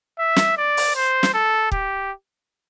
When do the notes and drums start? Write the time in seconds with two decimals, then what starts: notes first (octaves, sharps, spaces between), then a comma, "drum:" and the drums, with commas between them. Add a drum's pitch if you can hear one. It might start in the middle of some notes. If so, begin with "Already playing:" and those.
0.19 E5
0.36 drum: snare
0.58 D5
0.77 drum: open hi-hat
0.96 C5
1.23 drum: snare
1.34 A4
1.72 G4, drum: kick